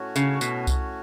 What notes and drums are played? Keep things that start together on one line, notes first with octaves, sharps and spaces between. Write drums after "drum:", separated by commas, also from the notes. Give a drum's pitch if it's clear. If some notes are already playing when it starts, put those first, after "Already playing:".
Already playing: A2 A3 C#4 F#4 C#5
C#3, drum: tambourine
B2, drum: tambourine
drum: kick C2, tambourine